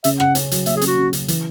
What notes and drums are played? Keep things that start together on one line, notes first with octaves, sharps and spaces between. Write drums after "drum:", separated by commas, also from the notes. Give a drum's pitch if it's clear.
C#3 E5, drum: hi-hat
C#3 F#5, drum: rim click
C#4, drum: hi-hat
F#3, drum: hi-hat
A#3 E5, drum: hi-hat
G#4
C#4, drum: hi-hat
F#4
C#3
C#3, drum: hi-hat
E3, drum: hi-hat